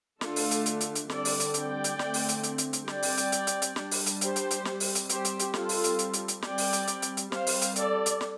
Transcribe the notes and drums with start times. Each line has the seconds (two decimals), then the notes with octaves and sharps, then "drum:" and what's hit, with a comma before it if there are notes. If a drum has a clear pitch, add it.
0.21 D3 A3 D4 F4 A4, drum: snare
0.36 drum: open hi-hat
0.51 drum: hi-hat
0.66 drum: hi-hat
0.80 drum: hi-hat
0.95 drum: hi-hat
1.10 D3 G3 C4 A4 D5, drum: snare
1.25 drum: open hi-hat
1.40 drum: hi-hat
1.54 D5 G5, drum: hi-hat
1.84 drum: hi-hat
1.99 D3 A3 C4, drum: snare
2.14 drum: open hi-hat
2.29 drum: hi-hat
2.43 drum: hi-hat
2.58 drum: hi-hat
2.73 drum: hi-hat
2.88 G3 C4 D5 G5, drum: snare
3.03 drum: open hi-hat
3.17 drum: hi-hat
3.32 drum: hi-hat
3.47 drum: hi-hat
3.62 drum: hi-hat
3.76 G3 D4, drum: snare
3.91 drum: open hi-hat
4.06 drum: hi-hat
4.21 G4 C5, drum: hi-hat
4.36 drum: hi-hat
4.51 drum: hi-hat
4.65 G3 C4, drum: snare
4.80 drum: open hi-hat
4.95 drum: hi-hat
5.09 G4 C5, drum: hi-hat
5.25 drum: hi-hat
5.39 drum: hi-hat
5.54 G3 C4 F4 A4, drum: snare
5.69 drum: open hi-hat
5.84 drum: hi-hat
5.99 drum: hi-hat
6.13 drum: hi-hat
6.28 drum: hi-hat
6.42 G3 C4 D5 G5, drum: snare
6.58 drum: open hi-hat
6.73 drum: hi-hat
6.87 drum: hi-hat
7.02 drum: hi-hat
7.17 drum: hi-hat
7.32 G3 C4 C5 F5, drum: snare
7.47 drum: open hi-hat
7.61 drum: hi-hat
7.76 A4 D5, drum: hi-hat
8.06 drum: hi-hat
8.21 drum: snare